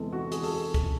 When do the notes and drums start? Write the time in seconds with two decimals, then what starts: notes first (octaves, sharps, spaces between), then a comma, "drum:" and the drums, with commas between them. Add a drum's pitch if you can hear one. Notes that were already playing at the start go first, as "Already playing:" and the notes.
Already playing: E2 C3 E3 G#3 A4
0.13 F#4
0.32 G#4, drum: hi-hat
0.43 A4, drum: open hi-hat
0.55 G#4
0.74 drum: kick C2, hi-hat